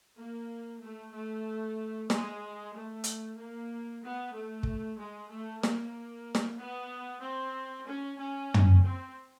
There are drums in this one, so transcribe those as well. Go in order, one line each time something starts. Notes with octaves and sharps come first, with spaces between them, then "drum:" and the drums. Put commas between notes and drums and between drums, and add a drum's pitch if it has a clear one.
A#3
A3
A3
G#3, drum: snare
A3
drum: hi-hat
A#3
B3
A3
drum: kick
G#3
A3
A#3, drum: snare
drum: snare
B3
C4
C#4
C#4
drum: tom
C4